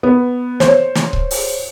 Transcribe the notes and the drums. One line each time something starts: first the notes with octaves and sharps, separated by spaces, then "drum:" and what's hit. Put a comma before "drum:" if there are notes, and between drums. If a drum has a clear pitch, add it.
B3
C5 C#5, drum: snare
drum: snare
drum: kick C#1
drum: open hi-hat